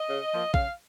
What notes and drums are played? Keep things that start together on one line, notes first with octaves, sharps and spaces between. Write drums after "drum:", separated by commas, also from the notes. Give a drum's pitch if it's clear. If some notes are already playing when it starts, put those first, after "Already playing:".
Already playing: D#5
C#3
F3 A#3 F4
C#3 F5, drum: kick